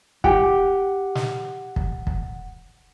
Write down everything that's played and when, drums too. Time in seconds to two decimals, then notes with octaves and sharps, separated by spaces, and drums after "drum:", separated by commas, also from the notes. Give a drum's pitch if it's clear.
0.24 G4 F#5, drum: kick
1.15 drum: snare
1.76 drum: kick
2.07 drum: kick